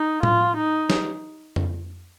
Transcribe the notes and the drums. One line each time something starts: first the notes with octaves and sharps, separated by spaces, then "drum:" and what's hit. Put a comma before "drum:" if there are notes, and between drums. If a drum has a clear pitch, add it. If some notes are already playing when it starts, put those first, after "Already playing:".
Already playing: D#4
F4, drum: tom A2
D#4
drum: snare
drum: tom F2